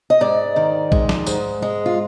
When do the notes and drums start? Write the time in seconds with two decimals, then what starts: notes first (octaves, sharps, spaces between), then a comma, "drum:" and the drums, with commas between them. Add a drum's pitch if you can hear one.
0.10 D#5
0.21 G#2 D5
0.56 D#3
0.92 G#3, drum: kick A#1
1.09 drum: snare
1.27 G#2, drum: tambourine
1.62 G#3
1.86 F4